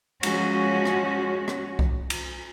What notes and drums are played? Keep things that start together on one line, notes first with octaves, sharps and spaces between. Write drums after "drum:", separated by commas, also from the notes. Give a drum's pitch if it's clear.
F3 G#3 C#4 F#4, drum: cymbal
drum: rim click
drum: rim click
drum: kick C2
drum: cymbal